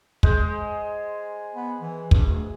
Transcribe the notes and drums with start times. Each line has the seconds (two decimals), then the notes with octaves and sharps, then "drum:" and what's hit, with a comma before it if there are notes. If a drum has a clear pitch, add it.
0.23 G#3 C5, drum: kick
1.56 B3
1.81 E3
2.11 G2, drum: kick
2.27 D2